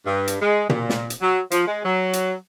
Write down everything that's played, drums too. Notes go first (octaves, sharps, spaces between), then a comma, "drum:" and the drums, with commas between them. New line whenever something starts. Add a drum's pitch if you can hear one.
G2
drum: hi-hat
G#3
A#2, drum: tom
drum: snare
drum: hi-hat
F#3
F3, drum: hi-hat
G#3
F#3
drum: hi-hat